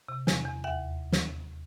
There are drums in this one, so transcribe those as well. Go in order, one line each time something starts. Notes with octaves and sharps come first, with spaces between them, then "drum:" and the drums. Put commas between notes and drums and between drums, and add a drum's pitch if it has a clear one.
C3
E2, drum: snare
E2
D#2 E5 F#5
drum: snare